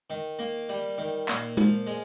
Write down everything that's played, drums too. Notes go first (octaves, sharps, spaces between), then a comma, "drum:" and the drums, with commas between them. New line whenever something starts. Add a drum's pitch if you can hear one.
D#3
A#3
G3
D#3
A#2, drum: clap
F3, drum: tom
G#3